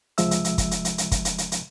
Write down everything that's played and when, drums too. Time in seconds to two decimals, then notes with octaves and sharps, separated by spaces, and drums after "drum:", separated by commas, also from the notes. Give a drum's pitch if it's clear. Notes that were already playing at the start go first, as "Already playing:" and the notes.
0.18 C#2 C3 F3 G#3 E5 E6, drum: hi-hat
0.31 drum: hi-hat
0.44 drum: hi-hat
0.58 drum: kick, hi-hat
0.71 drum: hi-hat
0.85 drum: hi-hat
0.98 drum: hi-hat
1.11 drum: kick, hi-hat
1.25 drum: hi-hat
1.38 drum: hi-hat
1.52 drum: hi-hat